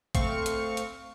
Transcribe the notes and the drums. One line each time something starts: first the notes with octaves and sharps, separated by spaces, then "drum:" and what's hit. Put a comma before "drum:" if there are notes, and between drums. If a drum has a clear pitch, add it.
A3 C4 F5 C#6, drum: kick G#1, hi-hat
drum: hi-hat
drum: hi-hat